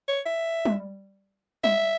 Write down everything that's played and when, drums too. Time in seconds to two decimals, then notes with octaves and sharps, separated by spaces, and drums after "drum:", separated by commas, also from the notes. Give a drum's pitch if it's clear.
0.08 C#5
0.26 E5
0.65 drum: tom G3
1.64 E5, drum: tom G3